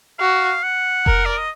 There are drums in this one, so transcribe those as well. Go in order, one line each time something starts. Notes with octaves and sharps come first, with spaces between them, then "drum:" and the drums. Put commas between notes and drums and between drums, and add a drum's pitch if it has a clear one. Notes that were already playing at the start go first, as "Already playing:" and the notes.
F#4 F5
F#5
A#4, drum: kick F1
D5
D#5